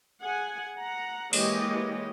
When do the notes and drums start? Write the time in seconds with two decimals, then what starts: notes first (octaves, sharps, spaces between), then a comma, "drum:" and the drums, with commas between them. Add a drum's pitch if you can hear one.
0.22 G#4 F#5 G#5
0.76 F#5 A#5
1.33 E3 G#3 A#3 G4 C#5 D#5, drum: open hi-hat